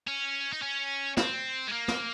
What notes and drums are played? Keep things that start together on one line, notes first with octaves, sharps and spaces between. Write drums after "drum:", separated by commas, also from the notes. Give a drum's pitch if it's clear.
C#4
D#4
C#4
C4, drum: snare
G#3
A#3
drum: snare